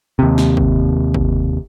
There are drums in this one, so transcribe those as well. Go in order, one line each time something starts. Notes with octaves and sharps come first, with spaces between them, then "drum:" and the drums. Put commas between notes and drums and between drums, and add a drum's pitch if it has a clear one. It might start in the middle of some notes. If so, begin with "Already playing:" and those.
D#2 C3
drum: snare
drum: kick
drum: kick